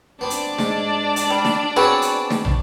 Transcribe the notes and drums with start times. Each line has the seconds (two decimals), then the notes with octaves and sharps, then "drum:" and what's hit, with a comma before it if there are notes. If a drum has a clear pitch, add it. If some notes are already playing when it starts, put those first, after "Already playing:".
0.21 B3 C4 D4 D5
0.30 drum: hi-hat
0.59 G#2, drum: snare
1.16 drum: hi-hat
1.30 G3
1.45 drum: snare
1.76 B3 C4 F#4 G#4 B4 C#5
2.02 drum: hi-hat
2.30 drum: snare
2.45 drum: tom